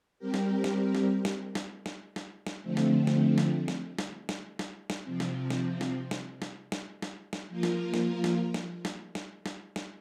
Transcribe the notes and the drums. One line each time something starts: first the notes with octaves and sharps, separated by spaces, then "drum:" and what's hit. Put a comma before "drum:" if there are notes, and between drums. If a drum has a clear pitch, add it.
G3 C4 G4 A#4
drum: snare
drum: snare
drum: snare
drum: snare
drum: snare
drum: snare
drum: snare
drum: snare
D3 F3 A3 C4
drum: snare
drum: snare
drum: snare
drum: snare
drum: snare
drum: snare
drum: snare
drum: snare
C3 F3 C4
drum: snare
drum: snare
drum: snare
drum: snare
drum: snare
drum: snare
drum: snare
drum: snare
F3 A#3 F4 A#4
drum: snare
drum: snare
drum: snare
drum: snare
drum: snare
drum: snare
drum: snare
drum: snare